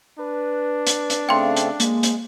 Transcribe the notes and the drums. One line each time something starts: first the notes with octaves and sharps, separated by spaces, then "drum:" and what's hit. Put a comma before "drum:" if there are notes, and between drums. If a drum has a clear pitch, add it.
D4 B4
drum: hi-hat
drum: hi-hat
C#3 A3 C4 F5 G5 C6
drum: hi-hat
G#3 A#3, drum: hi-hat
drum: hi-hat